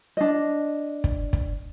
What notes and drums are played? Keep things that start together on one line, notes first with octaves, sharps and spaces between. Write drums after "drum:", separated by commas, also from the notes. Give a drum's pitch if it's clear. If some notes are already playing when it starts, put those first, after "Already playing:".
D4 D#5
drum: kick
drum: kick